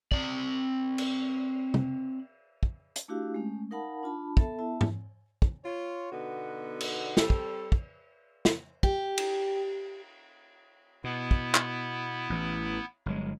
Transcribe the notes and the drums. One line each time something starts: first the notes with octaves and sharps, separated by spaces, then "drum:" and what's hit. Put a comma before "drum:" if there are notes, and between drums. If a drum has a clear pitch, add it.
C4 D5, drum: kick
drum: cymbal
drum: tom
drum: kick
drum: hi-hat
A3 D4 E4 F#4 G4 F5
G#3 A3 C#4
D#4 A#4 F5 F#5 A5 B5
D4 F4 A5 B5
B3 A4 E5 A5, drum: kick
B3 E4 E5 A5
drum: tom G#2
drum: kick
F4 C#5
B2 D3 B3 D#4 F#4
drum: cymbal
G3 C4 A4, drum: snare
drum: kick
drum: kick
drum: snare
G4, drum: kick
drum: cymbal
B2 B3 E4
drum: kick
drum: clap
A1 E3
G1 F#3 G#3